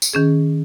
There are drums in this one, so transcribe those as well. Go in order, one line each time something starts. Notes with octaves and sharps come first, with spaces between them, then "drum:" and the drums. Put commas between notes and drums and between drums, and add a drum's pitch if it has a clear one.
drum: tambourine
D#3 C#4 G#4